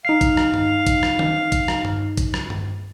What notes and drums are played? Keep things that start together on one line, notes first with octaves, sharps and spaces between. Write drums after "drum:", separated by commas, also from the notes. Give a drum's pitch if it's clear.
D#4 F5 C7
drum: kick, hi-hat
drum: rim click
drum: tom G2
drum: kick, hi-hat
drum: rim click
drum: tom D#3
drum: kick, hi-hat
drum: rim click
drum: tom G2
drum: kick, hi-hat
drum: rim click
drum: tom G2